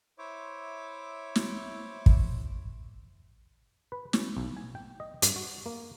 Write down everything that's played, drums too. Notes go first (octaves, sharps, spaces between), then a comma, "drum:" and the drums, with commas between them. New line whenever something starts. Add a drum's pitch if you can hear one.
E4 C5 C#5 E5 D6
drum: snare
drum: kick
B4
C#4, drum: snare
B1
G#5
G5
D#5
G2, drum: hi-hat
F#4
A#3